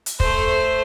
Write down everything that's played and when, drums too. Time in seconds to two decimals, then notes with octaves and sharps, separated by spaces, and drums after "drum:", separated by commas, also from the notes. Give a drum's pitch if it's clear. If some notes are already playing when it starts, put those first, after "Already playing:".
0.06 drum: hi-hat
0.20 A3 C5, drum: kick